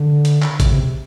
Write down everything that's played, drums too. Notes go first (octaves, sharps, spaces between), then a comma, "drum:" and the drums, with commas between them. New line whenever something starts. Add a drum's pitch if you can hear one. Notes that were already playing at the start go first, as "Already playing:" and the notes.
Already playing: D3
drum: hi-hat
drum: clap
C#3, drum: kick A1, hi-hat
C3